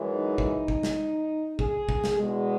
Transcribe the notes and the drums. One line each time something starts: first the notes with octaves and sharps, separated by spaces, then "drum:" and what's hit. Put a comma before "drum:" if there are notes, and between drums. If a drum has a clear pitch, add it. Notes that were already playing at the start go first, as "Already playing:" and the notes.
Already playing: F#2 E3 G#3
D#4
drum: kick
drum: kick
drum: snare
G#4, drum: kick
drum: kick
drum: snare
E2 B2 G#3